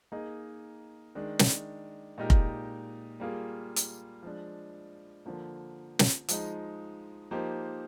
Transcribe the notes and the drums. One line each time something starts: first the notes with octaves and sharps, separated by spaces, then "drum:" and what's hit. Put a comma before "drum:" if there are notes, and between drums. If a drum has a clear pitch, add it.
A#3 D#4 G#4 D#5
D#3 G#3 D4
drum: snare
A#2 G#3 D#4 G4 A#4
drum: kick F1
G3 A#3 F4 G#4
drum: hi-hat
F3 G#3 D4
D3 F3 A#3
drum: snare
F3 G#3 D#4, drum: hi-hat
F3 A#3 D#4 G4 C5